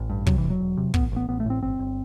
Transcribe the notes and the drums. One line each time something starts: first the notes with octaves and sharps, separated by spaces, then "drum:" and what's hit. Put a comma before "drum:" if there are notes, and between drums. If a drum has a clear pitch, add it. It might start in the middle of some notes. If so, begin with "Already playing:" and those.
Already playing: A1
G2
C3 F#3, drum: kick
E3
E1
F#3
E1
C3
A1 B3, drum: kick
A1 B3
A1 B3
A3
A2 C4
G1 C4
G1